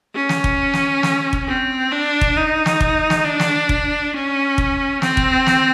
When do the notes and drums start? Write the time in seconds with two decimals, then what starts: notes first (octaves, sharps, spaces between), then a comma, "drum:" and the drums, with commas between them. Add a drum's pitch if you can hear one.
0.15 C#4
0.29 drum: snare
0.44 drum: kick
0.74 drum: snare
1.03 drum: snare
1.33 drum: kick
1.47 C4
1.92 D4
2.21 drum: kick
2.37 D#4
2.66 drum: snare
2.80 drum: kick
3.10 drum: snare
3.25 D4
3.40 drum: snare
3.69 drum: kick
4.13 C#4
4.58 drum: kick
5.02 C4, drum: snare
5.17 drum: kick
5.47 drum: snare